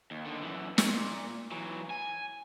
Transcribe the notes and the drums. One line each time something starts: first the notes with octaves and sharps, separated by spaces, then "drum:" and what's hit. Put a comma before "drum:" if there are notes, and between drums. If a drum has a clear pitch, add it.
D#2
D3 D#3
F#2 E3
A#2, drum: snare
E3 F#3
G#5